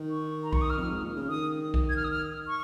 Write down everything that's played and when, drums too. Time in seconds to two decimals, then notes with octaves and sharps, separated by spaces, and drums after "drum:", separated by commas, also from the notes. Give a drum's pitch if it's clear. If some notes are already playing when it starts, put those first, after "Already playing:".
Already playing: D#3
0.10 C#6
0.43 A#5
0.53 C#6, drum: kick
0.62 D#6
0.70 F6
0.78 F2
0.90 G#2
1.03 A#2
1.16 C#3
1.29 D#3 D#6
1.74 drum: kick
1.89 G#6
1.96 F6
2.04 D#6
2.11 F6
2.48 C#6